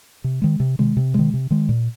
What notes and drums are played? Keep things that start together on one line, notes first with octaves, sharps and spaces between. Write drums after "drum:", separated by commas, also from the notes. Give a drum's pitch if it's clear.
C3
D#3 G#3
C3
D#3 G#3, drum: tom B2
C3
D#3 G#3, drum: tom B2
C3
D#3 G#3
A#2